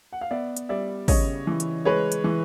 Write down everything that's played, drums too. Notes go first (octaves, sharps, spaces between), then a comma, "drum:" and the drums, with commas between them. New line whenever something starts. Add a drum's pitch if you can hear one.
F#5
F5
B3 D5 E5
drum: hi-hat
G3 D5 E5
C#3 C#5 D#5, drum: kick, open hi-hat
E3
drum: hi-hat
G#3 B4 C#5
drum: hi-hat
E3